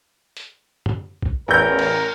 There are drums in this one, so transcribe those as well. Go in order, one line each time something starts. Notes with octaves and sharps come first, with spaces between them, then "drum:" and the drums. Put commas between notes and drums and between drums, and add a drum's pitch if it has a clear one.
drum: hi-hat
drum: tom
drum: kick B1
A1 E2 A#4 G6
drum: cymbal